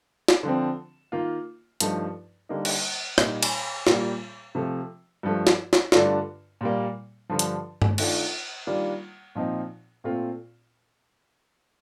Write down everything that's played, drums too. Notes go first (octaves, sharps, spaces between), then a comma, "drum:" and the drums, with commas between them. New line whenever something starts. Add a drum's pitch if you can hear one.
drum: snare
D3 F3 C4
D#3 A#3 F4
G2 F3 A3 D#4, drum: hi-hat
D3 G3 A#3 D#4
drum: cymbal
A#2 G3 A#3 D#4, drum: rim click
drum: cymbal
A#2 G3 A#3 F4, drum: snare
C3 F3 A3
G2 F3 A3
drum: snare
drum: snare
G2 D3 A3 D4 F4, drum: snare
A#2 G3 A#3
G2 D3 F3
drum: hi-hat
drum: tom G2
D#3 A3 D4 F4, drum: cymbal
D#3 G3 A#3 D4 F4
A#2 F3 C4 D#4
A#2 A3 C4 F4